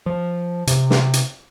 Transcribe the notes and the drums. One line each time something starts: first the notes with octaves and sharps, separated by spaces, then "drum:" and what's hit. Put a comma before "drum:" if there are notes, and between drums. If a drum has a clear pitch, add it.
F3
C3, drum: hi-hat
drum: snare
drum: hi-hat